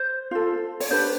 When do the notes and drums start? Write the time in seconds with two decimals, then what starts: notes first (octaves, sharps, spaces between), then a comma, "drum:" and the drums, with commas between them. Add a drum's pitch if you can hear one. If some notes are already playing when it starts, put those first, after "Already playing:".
Already playing: C5
0.31 F4 A4
0.80 C#5, drum: open hi-hat
0.91 D4 G4 B4 C5